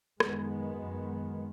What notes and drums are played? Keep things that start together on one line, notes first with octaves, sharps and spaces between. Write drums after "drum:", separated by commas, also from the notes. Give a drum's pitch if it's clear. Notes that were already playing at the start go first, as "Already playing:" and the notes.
F#2 D#3 G#3 B3, drum: rim click